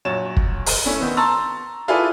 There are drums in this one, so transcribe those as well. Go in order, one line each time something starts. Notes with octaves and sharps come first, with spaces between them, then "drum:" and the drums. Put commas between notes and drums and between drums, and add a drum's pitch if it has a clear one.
A#1 F#3 C#5 A6 E7
drum: kick
drum: open hi-hat
A3 C#4 D4 E4
D#3 B3 C4
A5 A#5 C6 C#6 E6 A6
E4 F4 G#4 A4 B4 D5